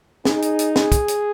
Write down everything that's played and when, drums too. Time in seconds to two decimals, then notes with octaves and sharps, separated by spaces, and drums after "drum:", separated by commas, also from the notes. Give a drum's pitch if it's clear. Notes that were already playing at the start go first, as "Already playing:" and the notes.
0.25 D#4 G#4, drum: snare
0.42 drum: hi-hat
0.59 drum: hi-hat
0.76 G#4, drum: snare
0.92 drum: kick, hi-hat
1.08 drum: hi-hat